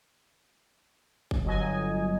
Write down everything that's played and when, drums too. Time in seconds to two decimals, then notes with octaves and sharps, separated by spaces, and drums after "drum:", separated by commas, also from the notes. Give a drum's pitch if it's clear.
1.31 drum: kick
1.44 G1 F#3 D#5 G#5